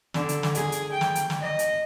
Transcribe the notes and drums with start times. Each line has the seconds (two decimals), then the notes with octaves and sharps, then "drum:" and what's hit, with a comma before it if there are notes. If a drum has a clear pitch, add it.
0.14 D3, drum: snare
0.29 drum: hi-hat
0.43 drum: snare
0.55 G#4, drum: hi-hat
0.72 drum: hi-hat
0.92 G5
1.01 drum: snare
1.15 drum: hi-hat
1.30 drum: snare
1.41 D#5
1.59 drum: hi-hat